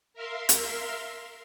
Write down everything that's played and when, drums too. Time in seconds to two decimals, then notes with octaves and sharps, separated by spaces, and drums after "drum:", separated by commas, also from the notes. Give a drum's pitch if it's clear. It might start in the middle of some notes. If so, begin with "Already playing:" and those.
0.14 A#4 E5 F5 C6
0.49 drum: hi-hat